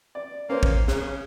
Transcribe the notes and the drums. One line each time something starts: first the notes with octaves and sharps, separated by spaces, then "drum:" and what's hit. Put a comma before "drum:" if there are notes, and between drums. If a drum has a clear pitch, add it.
D5
A#3 C#4 C5
drum: kick
C#3, drum: snare